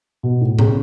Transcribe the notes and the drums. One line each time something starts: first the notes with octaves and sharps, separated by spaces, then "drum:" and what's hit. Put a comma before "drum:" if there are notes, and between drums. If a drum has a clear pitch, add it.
B2
A2
C#3, drum: tom A2